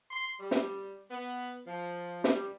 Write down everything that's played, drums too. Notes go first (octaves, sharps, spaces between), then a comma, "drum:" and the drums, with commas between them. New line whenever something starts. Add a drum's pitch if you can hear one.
C6
G3
drum: snare
B3
F3
G3, drum: snare